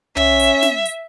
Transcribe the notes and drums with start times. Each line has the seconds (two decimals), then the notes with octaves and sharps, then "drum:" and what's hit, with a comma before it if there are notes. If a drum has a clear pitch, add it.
0.17 C#4 E5, drum: tom
0.40 drum: hi-hat
0.62 drum: snare
0.85 drum: hi-hat